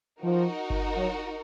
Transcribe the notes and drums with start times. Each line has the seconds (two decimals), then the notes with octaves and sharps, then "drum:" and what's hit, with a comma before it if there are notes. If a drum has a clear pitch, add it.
0.22 F3 D#4 F#4 A#4
0.70 drum: kick G1
0.96 F#3